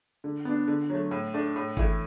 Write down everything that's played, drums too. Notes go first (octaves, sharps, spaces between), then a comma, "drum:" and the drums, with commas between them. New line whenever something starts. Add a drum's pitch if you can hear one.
D3
B3 D4
D3
F#3 A3
A2
A3 D4
A2
E3 A3 E4, drum: kick G1